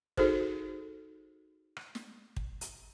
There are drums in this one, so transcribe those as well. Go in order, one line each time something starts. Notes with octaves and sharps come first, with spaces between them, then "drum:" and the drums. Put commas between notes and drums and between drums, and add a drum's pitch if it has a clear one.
D#4 F#4 G#4 A4 C5, drum: kick
drum: rim click
drum: snare
drum: kick
drum: hi-hat